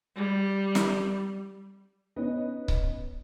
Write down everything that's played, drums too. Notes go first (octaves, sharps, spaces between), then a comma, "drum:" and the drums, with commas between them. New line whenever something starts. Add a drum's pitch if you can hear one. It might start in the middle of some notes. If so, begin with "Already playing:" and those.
G3
drum: snare
B3 C#4 D#4 B4 D#5
drum: kick C#1